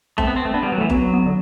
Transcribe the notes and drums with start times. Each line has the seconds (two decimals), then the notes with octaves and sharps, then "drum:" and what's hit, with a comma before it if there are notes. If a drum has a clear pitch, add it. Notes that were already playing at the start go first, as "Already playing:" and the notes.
0.18 A3 C4, drum: kick F#1
0.27 B3
0.36 C4
0.45 A3
0.54 B3 D4
0.63 G3
0.66 B3
0.72 F#3
0.78 A3
0.81 E3
0.90 F#3 B3, drum: kick F#1
1.02 B3
1.13 B3
1.26 D3